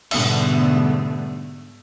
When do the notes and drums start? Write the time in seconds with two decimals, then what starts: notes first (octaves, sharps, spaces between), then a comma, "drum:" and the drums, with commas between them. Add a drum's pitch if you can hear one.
0.11 G#2 B2 D3 G3 A3 B3, drum: cymbal